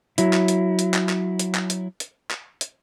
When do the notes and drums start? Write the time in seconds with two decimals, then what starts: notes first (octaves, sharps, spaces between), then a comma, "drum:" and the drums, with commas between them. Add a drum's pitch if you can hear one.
0.18 F#3 E4, drum: hi-hat
0.33 drum: clap
0.48 drum: hi-hat
0.79 drum: hi-hat
0.94 drum: clap
1.09 drum: clap
1.39 drum: hi-hat
1.55 drum: clap
1.70 drum: hi-hat
2.00 drum: hi-hat
2.31 drum: clap
2.61 drum: hi-hat